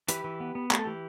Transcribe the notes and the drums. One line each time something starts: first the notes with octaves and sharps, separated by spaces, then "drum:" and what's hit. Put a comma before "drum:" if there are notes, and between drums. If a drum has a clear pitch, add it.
E3 G4 B4, drum: hi-hat
E3
B3
B3
A3 G4, drum: clap
A4
E3 G4